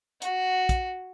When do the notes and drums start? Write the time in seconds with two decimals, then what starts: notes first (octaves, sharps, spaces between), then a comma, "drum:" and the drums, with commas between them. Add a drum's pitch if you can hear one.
0.22 F#4, drum: hi-hat
0.69 drum: kick, hi-hat